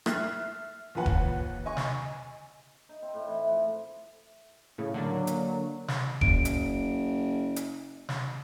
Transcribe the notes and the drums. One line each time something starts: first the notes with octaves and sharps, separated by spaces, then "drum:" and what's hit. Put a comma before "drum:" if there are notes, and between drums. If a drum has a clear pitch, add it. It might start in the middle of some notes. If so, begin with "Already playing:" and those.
E5 F6 F#6 A6 C7, drum: rim click
D#2 F3 B4 F#5
drum: kick E1
D#5 G#5 C#6
drum: snare
D#4
C4
A2
E3
F3
A2 C#3
D3 F#3 A#3 D4
drum: hi-hat
drum: snare
F#1 D7, drum: kick E1
drum: hi-hat
drum: hi-hat
drum: snare